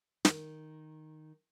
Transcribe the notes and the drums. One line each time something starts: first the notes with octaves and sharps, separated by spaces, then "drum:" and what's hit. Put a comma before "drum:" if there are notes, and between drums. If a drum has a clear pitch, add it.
D#3, drum: snare